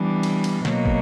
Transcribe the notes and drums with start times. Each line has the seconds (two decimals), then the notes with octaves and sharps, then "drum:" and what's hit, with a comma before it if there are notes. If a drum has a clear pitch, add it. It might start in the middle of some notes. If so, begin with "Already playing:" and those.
Already playing: E3 G3 B3 D4
0.23 drum: cymbal
0.44 drum: cymbal
0.65 B2 F#3 A#3, drum: snare
0.86 drum: kick